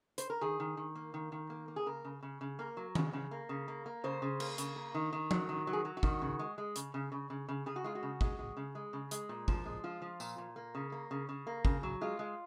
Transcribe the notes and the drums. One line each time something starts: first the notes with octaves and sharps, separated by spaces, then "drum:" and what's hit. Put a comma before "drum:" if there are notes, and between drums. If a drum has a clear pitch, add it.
C5, drum: hi-hat
A#4
D#3 G#4
D#3
D#3
A#3
D#3
D#3
A#3
A#3
G#4
C#3 A#4
C#3
C#3
C#3
A#3 A#4
F#3
C#3, drum: tom D#3
C#3
A#3
C#3
A#3
A#3
C#3 C5
C#3
A#3, drum: cymbal
C#3, drum: hi-hat
A#3
D#3
D#3
F#3, drum: tom F3
D#3
F#3
G#4
F#3
F#4
D#3, drum: kick
C#3
G#3
G#3
C#3, drum: hi-hat
C#3
C#3
C#3
C#3
C#3 G#4
F#4
G#3 F4
F#4
C#3
G#3, drum: kick
G#3
C#3
G#3
C#3
G#3, drum: hi-hat
A#2
F3, drum: kick
G#3
F3 F4
F3
A#2, drum: tambourine
A#2
A#3
C#3
A#3
C#3
C#3
A#3
C#3, drum: kick
F#3
G#3 F4
G#3